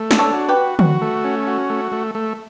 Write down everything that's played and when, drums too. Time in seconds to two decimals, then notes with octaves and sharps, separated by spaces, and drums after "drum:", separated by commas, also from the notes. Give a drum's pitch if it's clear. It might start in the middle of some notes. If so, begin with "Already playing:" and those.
Already playing: A3
0.11 D4, drum: snare
0.19 A4 C#5
0.33 F#4
0.48 G4 B4
0.56 F#4
0.79 F#4, drum: tom
1.01 A3
1.24 C#4
1.47 F#4
1.70 A3
1.92 A3
2.15 A3